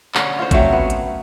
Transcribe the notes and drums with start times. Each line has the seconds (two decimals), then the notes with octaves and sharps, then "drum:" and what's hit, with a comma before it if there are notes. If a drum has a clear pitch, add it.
0.15 D3 C#4, drum: clap
0.39 F4 C5
0.51 F#3 A3 C4 C#4, drum: kick A1, hi-hat
0.72 B3
0.90 drum: hi-hat